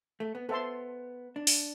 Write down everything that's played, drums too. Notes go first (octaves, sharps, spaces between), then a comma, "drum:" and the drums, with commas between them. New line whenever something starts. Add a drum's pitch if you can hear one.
A3
B3
B3 A4 C5 E5 A5 C6
D4
drum: open hi-hat